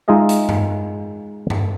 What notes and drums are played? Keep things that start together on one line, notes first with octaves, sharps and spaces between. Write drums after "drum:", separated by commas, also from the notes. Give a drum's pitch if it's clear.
G#3 D#4 F4 G#4 D#5 E5
drum: hi-hat
drum: tom G2
drum: tom G2